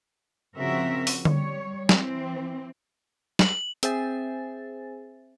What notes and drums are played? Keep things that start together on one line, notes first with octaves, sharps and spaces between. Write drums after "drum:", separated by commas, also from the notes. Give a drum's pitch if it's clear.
C#3 F3 C4 F#4 A#4 E5
drum: open hi-hat
G3 C#5, drum: tom D3
E3 C4, drum: snare
F#7, drum: snare
C4 G#4 C5 E5 G#5 A6, drum: hi-hat